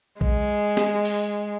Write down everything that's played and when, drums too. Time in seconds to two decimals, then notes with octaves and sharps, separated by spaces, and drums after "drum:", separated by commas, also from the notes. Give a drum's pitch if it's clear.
0.21 G#3, drum: kick A#1
0.77 drum: snare
1.05 drum: open hi-hat